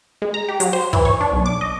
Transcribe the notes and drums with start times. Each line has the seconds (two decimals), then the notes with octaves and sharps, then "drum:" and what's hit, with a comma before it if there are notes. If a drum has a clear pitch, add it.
0.22 G#3
0.34 A#5
0.49 G4
0.60 F#3, drum: hi-hat
0.73 C5
0.93 E3, drum: kick
1.05 C#5
1.21 D4
1.33 B1
1.46 D6
1.61 D#5